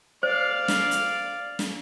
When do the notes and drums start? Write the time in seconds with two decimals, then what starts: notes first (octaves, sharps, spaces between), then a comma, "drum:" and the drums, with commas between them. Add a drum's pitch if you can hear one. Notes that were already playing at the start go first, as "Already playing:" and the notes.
0.23 C5 D5 F5
0.68 drum: snare
0.91 drum: hi-hat
1.59 drum: snare